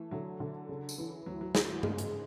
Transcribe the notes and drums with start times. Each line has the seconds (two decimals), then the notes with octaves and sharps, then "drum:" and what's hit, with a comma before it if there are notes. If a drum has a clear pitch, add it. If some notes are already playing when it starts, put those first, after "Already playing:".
Already playing: E3 A3
0.11 D3 F#3
0.40 D3
0.69 C#3
0.89 drum: tambourine
0.98 E3
1.26 D2 F#3
1.41 F#3
1.55 D2 F#3, drum: snare
1.69 E3
1.83 C#3 G#3, drum: tom G2
1.98 drum: hi-hat